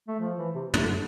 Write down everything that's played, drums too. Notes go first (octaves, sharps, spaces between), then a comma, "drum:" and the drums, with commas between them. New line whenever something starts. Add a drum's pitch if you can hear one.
A3
F3
E3
C3
C3, drum: tom
D3